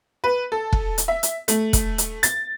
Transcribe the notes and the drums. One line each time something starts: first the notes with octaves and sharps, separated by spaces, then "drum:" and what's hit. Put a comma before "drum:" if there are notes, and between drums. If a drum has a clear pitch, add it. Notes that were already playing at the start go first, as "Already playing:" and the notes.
B4
A4
drum: kick F1
drum: hi-hat
E5
drum: hi-hat
A3, drum: hi-hat
drum: kick F1, hi-hat
drum: hi-hat
A6, drum: hi-hat